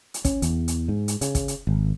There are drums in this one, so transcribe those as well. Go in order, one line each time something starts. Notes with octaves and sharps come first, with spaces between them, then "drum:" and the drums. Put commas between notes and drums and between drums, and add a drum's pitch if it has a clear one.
drum: hi-hat
C#4, drum: kick, hi-hat
E2, drum: hi-hat
drum: hi-hat
G#2
drum: hi-hat
C#3, drum: hi-hat
drum: kick, hi-hat
drum: hi-hat
G#1